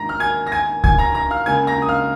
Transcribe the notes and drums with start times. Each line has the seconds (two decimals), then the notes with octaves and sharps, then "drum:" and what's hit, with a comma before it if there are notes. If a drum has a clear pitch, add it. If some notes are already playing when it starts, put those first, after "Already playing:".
Already playing: G#2 D#3 A#3 A#5 A#6
0.09 F6
0.20 G#5 G#6
0.47 A#6
0.52 G#5 G#6
0.84 G#5 G#6, drum: kick C#2
0.98 A#5 A#6
1.14 A#5 A#6
1.31 F5 F6
1.46 C#2 C#3 A#3 G#5 G#6
1.67 A#5 A#6
1.82 D#6
1.88 F5 F6